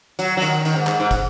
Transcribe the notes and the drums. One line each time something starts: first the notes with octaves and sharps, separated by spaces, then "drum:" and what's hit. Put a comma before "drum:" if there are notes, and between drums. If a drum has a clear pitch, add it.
F#3, drum: hi-hat
F#3
D#3, drum: hi-hat
D#3, drum: hi-hat
G#2
G#2, drum: clap
G#2
drum: kick, hi-hat